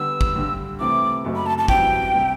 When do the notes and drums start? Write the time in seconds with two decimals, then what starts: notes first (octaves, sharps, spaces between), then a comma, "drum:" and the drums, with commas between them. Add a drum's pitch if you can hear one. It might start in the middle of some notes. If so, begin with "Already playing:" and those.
Already playing: D3 G3 B3 E6
0.21 drum: kick G#1
0.36 G2 D3 G3
0.80 C3 E3 A3 C4 E4 D6
1.25 F#1 F#2 F#3 A3
1.36 B5
1.46 A5
1.58 A5
1.68 F#2 E3 G3 C4 F#4 G5, drum: kick G#1
2.15 C3 G3 C4